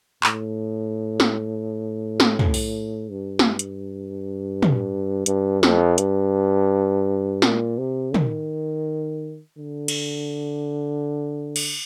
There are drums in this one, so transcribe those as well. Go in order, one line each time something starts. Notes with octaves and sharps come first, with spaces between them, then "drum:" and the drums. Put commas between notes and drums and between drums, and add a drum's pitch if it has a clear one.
A2, drum: clap
drum: snare
drum: snare
drum: tom
drum: open hi-hat
G2
drum: snare
drum: hi-hat
drum: tom
G2, drum: hi-hat
F2, drum: snare
G2, drum: hi-hat
A#2, drum: snare
C3
D#3, drum: tom
D3
drum: cymbal
drum: cymbal